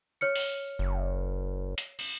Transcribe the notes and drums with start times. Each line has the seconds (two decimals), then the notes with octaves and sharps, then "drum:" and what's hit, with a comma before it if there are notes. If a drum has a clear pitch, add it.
0.21 C#5 F6 C#7
0.36 drum: open hi-hat
0.79 F#1
1.78 drum: hi-hat
1.99 drum: cymbal